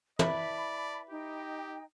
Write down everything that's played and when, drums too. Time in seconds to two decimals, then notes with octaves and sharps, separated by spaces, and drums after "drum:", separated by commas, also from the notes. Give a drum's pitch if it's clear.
0.19 E4 B4 D5 A5 B5, drum: tom
1.10 D#4 G4 G5